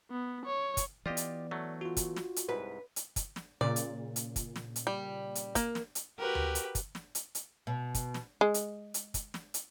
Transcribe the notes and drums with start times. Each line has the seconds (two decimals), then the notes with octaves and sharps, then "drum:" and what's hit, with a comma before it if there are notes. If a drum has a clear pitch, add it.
0.11 B3
0.46 C#5
0.77 drum: kick, hi-hat
1.06 E3 B3 F4 G4 D5 D#5
1.17 drum: hi-hat
1.51 F#3 A3
1.81 F4 F#4
1.97 drum: kick, hi-hat
2.16 drum: snare
2.36 drum: hi-hat
2.49 C2 G#2 B4
2.96 drum: hi-hat
3.16 drum: kick, hi-hat
3.36 drum: snare
3.61 A#2 C#3 D5
3.76 drum: hi-hat
4.16 drum: hi-hat
4.36 drum: kick, hi-hat
4.56 drum: snare
4.76 drum: hi-hat
4.87 G3
5.35 drum: hi-hat
5.55 A#3, drum: kick, hi-hat
5.75 drum: snare
5.95 drum: hi-hat
6.19 F#4 G4 A#4 B4
6.35 drum: tom D2
6.55 drum: hi-hat
6.75 drum: kick, hi-hat
6.95 drum: snare
7.15 drum: hi-hat
7.35 drum: hi-hat
7.67 B2
7.94 drum: kick, hi-hat
8.14 drum: snare
8.41 G#3
8.54 drum: hi-hat
8.94 drum: hi-hat
9.14 drum: kick, hi-hat
9.34 drum: snare
9.54 drum: hi-hat